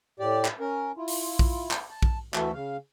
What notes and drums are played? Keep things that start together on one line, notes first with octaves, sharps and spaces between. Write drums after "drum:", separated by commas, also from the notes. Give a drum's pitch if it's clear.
A2 G4 D5
drum: clap
C#4 A#4
E4 F4
drum: open hi-hat
drum: kick A#1
drum: clap
A5
drum: kick A#1
D2 E3 A3 F#4 A4 E5, drum: clap
C#3 F5